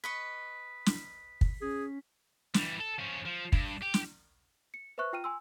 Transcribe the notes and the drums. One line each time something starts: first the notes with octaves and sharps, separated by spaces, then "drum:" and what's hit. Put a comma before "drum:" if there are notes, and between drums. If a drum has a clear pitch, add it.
B4 D#5 C#6 B6
drum: snare
drum: kick
C#4 G#4
E3 G3, drum: snare
A4
F3 C#4
F3
G2, drum: kick
G4
drum: snare
C#7
B4 C5 E5 C#6 F#6
F4 G5 F6 D#7
G#5 C6 E6